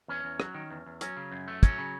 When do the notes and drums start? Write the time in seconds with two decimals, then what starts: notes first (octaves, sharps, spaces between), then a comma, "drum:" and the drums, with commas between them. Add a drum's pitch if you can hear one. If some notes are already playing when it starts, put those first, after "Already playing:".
0.08 E2 C#4
0.24 E2
0.40 F#3, drum: rim click
0.54 D#3
0.70 E2
0.86 E2
1.01 F#3 C#4, drum: hi-hat
1.17 C#3
1.32 F#2
1.48 A3
1.63 F#3 C#4, drum: kick, hi-hat
1.78 C#3